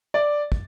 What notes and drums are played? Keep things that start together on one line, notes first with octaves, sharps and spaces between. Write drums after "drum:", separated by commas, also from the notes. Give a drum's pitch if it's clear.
D5
drum: kick